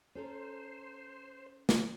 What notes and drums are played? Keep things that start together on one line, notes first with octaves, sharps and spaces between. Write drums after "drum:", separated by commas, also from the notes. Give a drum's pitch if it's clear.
C#4 A4 A#4 C5
drum: snare